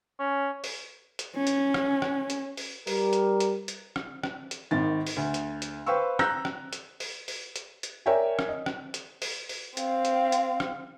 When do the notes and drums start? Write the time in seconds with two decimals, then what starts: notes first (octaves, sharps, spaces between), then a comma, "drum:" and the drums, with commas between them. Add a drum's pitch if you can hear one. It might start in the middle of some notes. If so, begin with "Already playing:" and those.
0.19 C#4
0.64 drum: open hi-hat
1.19 drum: hi-hat
1.35 C#4
1.47 drum: hi-hat
1.74 drum: rim click
2.02 drum: rim click
2.30 drum: hi-hat
2.57 drum: open hi-hat
2.87 G3 A#4, drum: open hi-hat
3.13 drum: hi-hat
3.40 drum: hi-hat
3.68 drum: hi-hat
3.96 drum: rim click
4.23 drum: rim click
4.51 drum: hi-hat
4.71 G#1 D#3 A6
5.07 drum: open hi-hat
5.16 D2
5.34 drum: hi-hat
5.62 drum: hi-hat
5.86 B4 C5 F5 G5 C#6 E6
6.19 A#5 E6 F#6 G6 A#6, drum: rim click
6.45 drum: rim click
6.73 drum: hi-hat
7.00 drum: open hi-hat
7.28 drum: open hi-hat
7.56 drum: hi-hat
7.83 drum: hi-hat
8.06 A#4 C#5 D5 E5 G5 G#5
8.39 drum: rim click
8.48 D#5
8.66 drum: rim click
8.94 drum: hi-hat
9.22 drum: open hi-hat
9.49 drum: open hi-hat
9.77 C4 F5, drum: hi-hat
10.05 drum: hi-hat
10.32 drum: hi-hat
10.60 drum: rim click